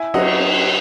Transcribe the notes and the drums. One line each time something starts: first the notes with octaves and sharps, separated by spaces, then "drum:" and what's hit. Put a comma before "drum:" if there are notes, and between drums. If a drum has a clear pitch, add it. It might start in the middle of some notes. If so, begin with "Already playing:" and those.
Already playing: E4 E5 G#5
F#3 D#5 F#5, drum: cymbal